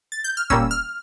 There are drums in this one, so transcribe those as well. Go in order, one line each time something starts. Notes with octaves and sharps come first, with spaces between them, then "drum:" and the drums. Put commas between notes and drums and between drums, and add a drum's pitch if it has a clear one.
A6
G6
F6
A#2 G3 A#3 C#4 E6, drum: kick
F6